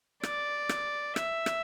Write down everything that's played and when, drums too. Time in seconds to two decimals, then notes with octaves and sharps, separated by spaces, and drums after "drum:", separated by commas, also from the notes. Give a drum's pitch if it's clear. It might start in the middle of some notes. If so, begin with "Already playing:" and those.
0.23 D5, drum: rim click
0.69 drum: rim click
1.16 E5, drum: rim click
1.46 drum: rim click